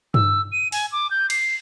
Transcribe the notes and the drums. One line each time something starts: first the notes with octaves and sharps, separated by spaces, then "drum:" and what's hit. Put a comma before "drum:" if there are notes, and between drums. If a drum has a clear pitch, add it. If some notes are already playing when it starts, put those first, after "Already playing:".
E6, drum: tom G2
D#7
G#5, drum: open hi-hat
D6
G6
C7, drum: cymbal